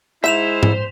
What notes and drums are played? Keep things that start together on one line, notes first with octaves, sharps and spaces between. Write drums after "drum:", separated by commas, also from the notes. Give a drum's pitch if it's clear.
G#2 E4 C5 E5 B6 E7 F7
drum: tom G#2